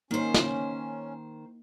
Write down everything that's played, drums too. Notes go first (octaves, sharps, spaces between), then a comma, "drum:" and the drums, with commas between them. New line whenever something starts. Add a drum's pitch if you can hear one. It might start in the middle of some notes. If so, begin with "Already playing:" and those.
D#3 A#3 C#4 D#4 C5
drum: snare